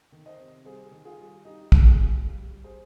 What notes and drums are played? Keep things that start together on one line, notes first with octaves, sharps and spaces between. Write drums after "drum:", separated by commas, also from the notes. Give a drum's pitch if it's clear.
D#3
C5 D#5
C3
G3 G#4 C5
D#3
F4 G#4
G3
G3 D#4 G4
C3, drum: kick
F4 G#4
G3
G3
G3
G#4 C5